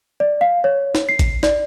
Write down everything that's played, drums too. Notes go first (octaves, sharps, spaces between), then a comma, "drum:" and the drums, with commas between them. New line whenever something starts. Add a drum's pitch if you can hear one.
D5
F5
C#5
drum: snare
C7
drum: kick A1, hi-hat
D5, drum: snare